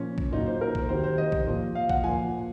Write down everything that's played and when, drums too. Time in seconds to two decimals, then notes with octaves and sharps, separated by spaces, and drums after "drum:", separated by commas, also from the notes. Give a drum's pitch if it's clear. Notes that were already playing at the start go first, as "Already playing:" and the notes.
Already playing: A#2 F3 C#4
0.18 drum: kick
0.32 A#2 F#3 D#4
0.46 C5
0.61 A#4
0.75 drum: kick
0.89 C3 D#3 F#3 C5
1.04 C5
1.18 D#5
1.32 drum: kick
1.47 A#2 F3
1.75 F5
1.89 F#5, drum: kick
2.04 A#2 F3 G#5